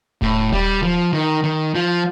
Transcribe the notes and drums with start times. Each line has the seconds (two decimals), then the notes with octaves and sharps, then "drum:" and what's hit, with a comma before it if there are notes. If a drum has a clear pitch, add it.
0.22 A2, drum: kick D#1
0.52 G3, drum: kick D#1
0.83 F3
1.13 D#3
1.44 D#3
1.75 F3